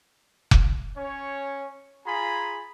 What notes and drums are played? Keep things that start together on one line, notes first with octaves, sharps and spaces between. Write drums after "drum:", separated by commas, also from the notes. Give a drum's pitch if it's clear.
drum: kick F1
C#4 C#5
F4 G#4 G#5 A#5 B5